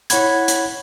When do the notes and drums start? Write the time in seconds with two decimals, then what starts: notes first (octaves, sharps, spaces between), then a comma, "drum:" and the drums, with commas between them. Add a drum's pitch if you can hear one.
0.10 E4 C#5 F#5 B5 G#6, drum: hi-hat
0.48 drum: hi-hat